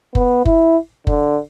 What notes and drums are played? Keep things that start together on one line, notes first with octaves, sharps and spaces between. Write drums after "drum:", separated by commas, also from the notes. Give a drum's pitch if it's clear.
B3, drum: kick F#1
E4, drum: kick F#1
D3, drum: kick F#1